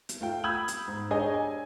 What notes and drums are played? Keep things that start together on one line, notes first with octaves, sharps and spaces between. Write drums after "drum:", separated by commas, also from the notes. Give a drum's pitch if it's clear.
drum: hi-hat
A3 F4 G5
B5 D#6 E6 G6 G#6 F#7
drum: hi-hat
G#2
D4 G4 G#4 C#5 D#5 G#5
G#5